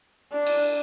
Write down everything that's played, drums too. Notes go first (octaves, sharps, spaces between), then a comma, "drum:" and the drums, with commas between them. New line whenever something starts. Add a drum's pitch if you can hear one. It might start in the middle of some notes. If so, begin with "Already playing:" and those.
D4
drum: cymbal